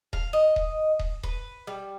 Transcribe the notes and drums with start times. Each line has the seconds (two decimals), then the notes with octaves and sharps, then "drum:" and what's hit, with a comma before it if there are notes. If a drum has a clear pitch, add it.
0.13 F5, drum: kick D#1
0.33 D#5
0.56 drum: kick D#1
0.99 drum: kick D#1
1.23 B4, drum: kick D#1
1.67 G3